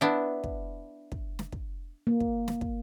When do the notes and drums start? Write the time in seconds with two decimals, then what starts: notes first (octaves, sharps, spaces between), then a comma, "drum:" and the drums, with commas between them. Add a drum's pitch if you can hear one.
0.01 B3 D4 E4
0.44 drum: kick
1.12 drum: kick
1.39 drum: snare
1.52 drum: kick
2.07 A#3
2.20 drum: kick
2.48 drum: snare
2.61 drum: kick